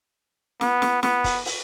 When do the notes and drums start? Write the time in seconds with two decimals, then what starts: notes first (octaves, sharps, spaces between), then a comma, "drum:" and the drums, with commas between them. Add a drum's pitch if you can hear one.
0.61 B3, drum: snare
0.82 drum: snare
1.03 B3, drum: snare
1.24 drum: kick, open hi-hat
1.45 drum: open hi-hat